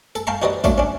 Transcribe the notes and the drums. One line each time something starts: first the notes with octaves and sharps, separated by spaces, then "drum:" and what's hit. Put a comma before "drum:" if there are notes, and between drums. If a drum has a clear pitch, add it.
A4, drum: tambourine
F5 G5 A5 A#5 C#6
D#4 F#4 G4 B4 D5 D#5
F#3 A3 D4 F4, drum: kick, tambourine
C#4 D4